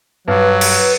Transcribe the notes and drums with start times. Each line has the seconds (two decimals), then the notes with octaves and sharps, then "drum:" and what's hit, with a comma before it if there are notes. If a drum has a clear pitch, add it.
0.28 G2 F#3 B4
0.61 drum: cymbal